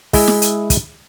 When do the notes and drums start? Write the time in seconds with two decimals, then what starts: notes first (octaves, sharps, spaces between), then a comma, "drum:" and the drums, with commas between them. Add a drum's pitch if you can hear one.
0.13 G#3 E4 E5 G#5, drum: kick, open hi-hat
0.28 drum: snare
0.42 drum: hi-hat
0.70 drum: kick, hi-hat